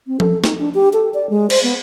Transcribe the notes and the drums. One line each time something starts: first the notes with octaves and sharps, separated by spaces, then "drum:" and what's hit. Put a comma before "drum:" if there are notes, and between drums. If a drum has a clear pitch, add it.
C4
A4, drum: tom F3
D#4, drum: snare
D4
G4
A4
D5
G#3
C5, drum: cymbal
B3